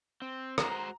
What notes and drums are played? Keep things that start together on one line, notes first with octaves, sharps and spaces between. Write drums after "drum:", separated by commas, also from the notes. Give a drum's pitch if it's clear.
C4
G#3 F#4 C5 A#5, drum: rim click